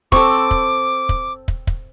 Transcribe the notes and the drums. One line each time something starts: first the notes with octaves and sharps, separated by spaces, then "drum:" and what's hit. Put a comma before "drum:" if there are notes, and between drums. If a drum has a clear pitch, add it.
C4 A4 C#6 D6, drum: kick
drum: kick
drum: kick
drum: kick
drum: kick